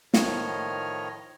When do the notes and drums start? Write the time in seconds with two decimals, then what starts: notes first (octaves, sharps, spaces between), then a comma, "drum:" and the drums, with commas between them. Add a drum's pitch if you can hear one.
0.14 A2 D#3 F3 C#5 D#5 F6, drum: snare